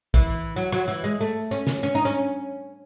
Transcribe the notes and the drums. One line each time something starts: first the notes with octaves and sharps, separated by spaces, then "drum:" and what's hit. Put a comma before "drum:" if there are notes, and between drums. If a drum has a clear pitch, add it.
E3, drum: kick A#1
F#3
F#3, drum: rim click
E3
G#3
A3
C#4
drum: snare
C#4
D#4
C#4